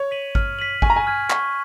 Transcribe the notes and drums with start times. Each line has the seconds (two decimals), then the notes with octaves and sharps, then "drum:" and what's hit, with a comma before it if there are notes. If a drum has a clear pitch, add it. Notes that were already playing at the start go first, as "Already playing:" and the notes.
Already playing: C#5
0.11 B6 D#7 F#7
0.35 F6, drum: kick G#1
0.59 B6 D#7 F#7
0.82 G#5 C#6, drum: kick G#1
0.90 A#5
0.96 G#5
1.07 F6 G#6 B6
1.30 C#6, drum: clap